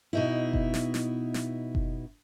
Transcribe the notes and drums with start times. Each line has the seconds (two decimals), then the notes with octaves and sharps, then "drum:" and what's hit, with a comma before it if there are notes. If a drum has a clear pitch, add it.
0.13 B2 D#4 E4
0.53 drum: kick F#1
0.74 drum: snare
0.94 drum: snare
1.34 drum: snare
1.75 drum: kick F#1